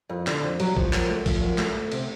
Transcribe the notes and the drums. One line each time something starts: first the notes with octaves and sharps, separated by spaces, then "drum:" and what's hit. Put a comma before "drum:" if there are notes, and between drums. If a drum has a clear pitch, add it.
F2
D3, drum: clap
F2
F#3, drum: cymbal
F3, drum: kick
F#2, drum: clap
A3
F3, drum: kick, cymbal
F#2
A3, drum: clap
D2
C3, drum: cymbal